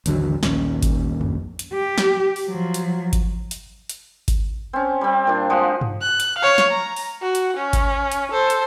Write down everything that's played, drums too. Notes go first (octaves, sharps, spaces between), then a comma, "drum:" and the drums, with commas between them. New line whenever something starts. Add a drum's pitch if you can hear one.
A1 D#2 D3 F#3, drum: hi-hat
A#1 D#2 C#3 C#4, drum: snare
drum: kick G1, hi-hat
drum: tom F2
drum: hi-hat
G4
drum: snare
drum: open hi-hat
F3 F#3
drum: hi-hat
drum: kick G1, hi-hat
drum: hi-hat
drum: hi-hat
drum: kick G1, hi-hat
C4 C#4
G3 C4
A#2 D4
F3 G#3 F#4
drum: tom G2
F#6
drum: hi-hat
C#5 F5
drum: snare
A#5
drum: open hi-hat
F#4
drum: hi-hat
C#4
drum: kick G1, hi-hat
drum: hi-hat
A4 C5
drum: hi-hat